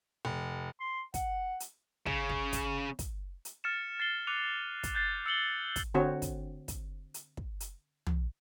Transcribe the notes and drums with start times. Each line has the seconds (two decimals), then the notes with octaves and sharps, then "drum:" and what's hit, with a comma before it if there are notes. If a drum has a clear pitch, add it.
0.25 F1
0.80 C6
1.14 F#5, drum: kick, hi-hat
1.60 drum: hi-hat
2.06 C#3, drum: kick
2.30 drum: kick
2.53 drum: kick, hi-hat
2.99 drum: kick, hi-hat
3.45 drum: hi-hat
3.64 F6 A6 C#7 E7
4.00 A6 C7 G7
4.27 D6 F#6 C#7 D#7 F7
4.83 drum: kick, hi-hat
4.95 F#6 G6 A6 C7
5.26 E6 C#7 F#7 G7
5.76 drum: kick, hi-hat
5.94 D3 C4 F#4 C#5
6.22 drum: kick, hi-hat
6.68 drum: kick, hi-hat
7.14 drum: hi-hat
7.37 drum: kick
7.60 drum: hi-hat
8.07 drum: tom